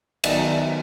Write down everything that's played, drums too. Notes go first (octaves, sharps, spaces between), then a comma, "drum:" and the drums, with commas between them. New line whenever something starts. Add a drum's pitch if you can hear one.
D#3 F#3 B3 D#4 D5 E5, drum: cymbal
D5 E5